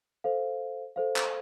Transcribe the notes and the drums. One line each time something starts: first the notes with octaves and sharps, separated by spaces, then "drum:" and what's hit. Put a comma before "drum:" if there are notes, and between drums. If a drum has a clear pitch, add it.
A4 C5 F5
A4 C5 F5
drum: clap